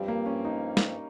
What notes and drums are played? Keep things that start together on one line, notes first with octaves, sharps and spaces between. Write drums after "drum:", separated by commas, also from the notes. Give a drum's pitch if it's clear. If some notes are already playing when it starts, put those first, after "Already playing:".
Already playing: G2 F3 G3 C4
A#3
C#4
D#4
drum: snare